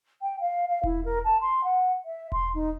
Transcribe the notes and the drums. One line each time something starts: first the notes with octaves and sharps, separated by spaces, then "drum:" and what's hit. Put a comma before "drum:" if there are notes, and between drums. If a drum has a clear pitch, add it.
G5
F5
F5
E4, drum: kick E1
A#4
A5
C6
F#5
E5
C6, drum: kick E1
D#4